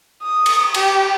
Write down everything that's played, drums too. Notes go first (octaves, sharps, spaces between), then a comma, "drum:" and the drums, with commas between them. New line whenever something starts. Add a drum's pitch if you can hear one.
D#6
drum: cymbal
G4, drum: cymbal